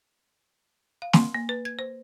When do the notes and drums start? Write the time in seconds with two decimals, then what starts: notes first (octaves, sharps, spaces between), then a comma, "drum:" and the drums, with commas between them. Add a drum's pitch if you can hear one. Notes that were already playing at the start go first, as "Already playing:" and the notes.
1.02 F5
1.13 C6, drum: snare
1.34 A#3
1.49 B4
1.65 G#6
1.79 C5